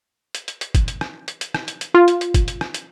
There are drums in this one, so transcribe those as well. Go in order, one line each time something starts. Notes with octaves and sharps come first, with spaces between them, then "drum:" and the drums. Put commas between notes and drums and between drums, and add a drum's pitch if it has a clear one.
drum: hi-hat
drum: hi-hat
drum: hi-hat
drum: kick, hi-hat
drum: hi-hat
drum: rim click
drum: hi-hat
drum: hi-hat
drum: rim click
drum: hi-hat
drum: hi-hat
F4
drum: hi-hat
drum: hi-hat
drum: kick, hi-hat
drum: hi-hat
drum: rim click
drum: hi-hat